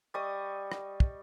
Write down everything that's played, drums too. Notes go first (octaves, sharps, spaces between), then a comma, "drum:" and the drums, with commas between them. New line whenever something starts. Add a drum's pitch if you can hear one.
G3 D#5 C#6 D#6
drum: rim click
drum: kick